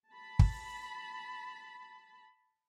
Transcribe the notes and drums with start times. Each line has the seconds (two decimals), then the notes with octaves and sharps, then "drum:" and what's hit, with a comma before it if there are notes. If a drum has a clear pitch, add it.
0.11 A5 B5
0.39 drum: kick